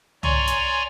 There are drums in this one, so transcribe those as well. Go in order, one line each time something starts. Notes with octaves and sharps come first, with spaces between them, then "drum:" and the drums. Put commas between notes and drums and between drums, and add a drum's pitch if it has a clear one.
C#5 D5 G#5 A#5 C6 C#6, drum: tom
drum: hi-hat